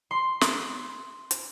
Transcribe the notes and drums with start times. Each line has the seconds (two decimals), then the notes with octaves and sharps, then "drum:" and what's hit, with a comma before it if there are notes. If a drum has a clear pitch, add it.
0.11 C6
0.41 drum: snare
1.31 drum: hi-hat